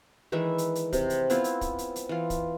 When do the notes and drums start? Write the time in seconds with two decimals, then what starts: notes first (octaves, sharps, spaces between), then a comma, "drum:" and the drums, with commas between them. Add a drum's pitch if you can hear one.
0.32 D#3 E3 G#3 E5
0.58 drum: hi-hat
0.75 drum: hi-hat
0.93 C3, drum: kick, hi-hat
1.10 drum: hi-hat
1.30 B3 C4 E4 F4, drum: hi-hat
1.44 drum: hi-hat
1.61 drum: kick, hi-hat
1.78 drum: hi-hat
1.96 drum: hi-hat
2.09 E3 F4
2.30 drum: kick, hi-hat